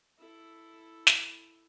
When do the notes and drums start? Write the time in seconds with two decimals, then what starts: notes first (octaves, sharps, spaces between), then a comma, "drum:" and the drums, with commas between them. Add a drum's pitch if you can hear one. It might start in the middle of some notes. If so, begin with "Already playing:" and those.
0.19 E4 A4
1.07 drum: snare